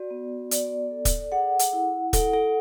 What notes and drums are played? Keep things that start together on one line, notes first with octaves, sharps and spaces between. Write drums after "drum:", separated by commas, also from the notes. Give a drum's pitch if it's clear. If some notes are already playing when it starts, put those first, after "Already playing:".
Already playing: F#4 D5
B3
D5, drum: hi-hat
A4
drum: kick, hi-hat
G#4 F#5
drum: hi-hat
E4
A4 F#5, drum: kick, hi-hat
A4